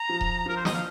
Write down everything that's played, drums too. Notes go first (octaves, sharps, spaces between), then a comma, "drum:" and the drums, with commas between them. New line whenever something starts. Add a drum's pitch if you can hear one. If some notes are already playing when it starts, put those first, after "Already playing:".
Already playing: A#5
F3
drum: kick D#1
F3 A#4
C5
D#5, drum: snare
F5